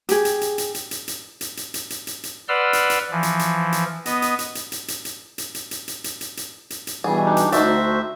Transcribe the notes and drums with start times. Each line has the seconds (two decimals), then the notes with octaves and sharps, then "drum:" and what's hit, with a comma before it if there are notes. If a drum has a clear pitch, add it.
0.09 G4 G#4, drum: hi-hat
0.25 drum: hi-hat
0.41 drum: hi-hat
0.58 drum: hi-hat
0.74 drum: hi-hat
0.91 drum: hi-hat
1.08 drum: hi-hat
1.41 drum: hi-hat
1.57 drum: hi-hat
1.74 drum: hi-hat
1.90 drum: hi-hat
2.07 drum: hi-hat
2.23 drum: hi-hat
2.48 B4 D5 F#5 C6 E6 F6
2.73 drum: hi-hat
2.90 drum: hi-hat
3.11 E3 F3
3.23 drum: hi-hat
3.39 drum: hi-hat
3.72 drum: hi-hat
4.06 B3 D#5, drum: hi-hat
4.22 drum: hi-hat
4.39 drum: hi-hat
4.55 drum: hi-hat
4.72 drum: hi-hat
4.88 drum: hi-hat
5.05 drum: hi-hat
5.38 drum: hi-hat
5.55 drum: hi-hat
5.71 drum: hi-hat
5.88 drum: hi-hat
6.04 drum: hi-hat
6.21 drum: hi-hat
6.37 drum: hi-hat
6.70 drum: hi-hat
6.87 drum: hi-hat
7.04 B2 E3 G3 G#4
7.26 D4 D#4 G4
7.37 drum: hi-hat
7.52 D2 D4 D#4 F#4 G4 C5 E5, drum: hi-hat